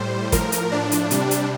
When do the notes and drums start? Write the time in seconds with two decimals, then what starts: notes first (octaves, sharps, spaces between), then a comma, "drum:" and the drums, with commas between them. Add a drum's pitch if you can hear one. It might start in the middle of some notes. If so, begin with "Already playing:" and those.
Already playing: A2 G3 C5
0.32 A2 F3 A#4, drum: kick, hi-hat
0.52 drum: hi-hat
0.72 D4
0.92 drum: hi-hat
1.11 C3 G3, drum: hi-hat
1.31 drum: hi-hat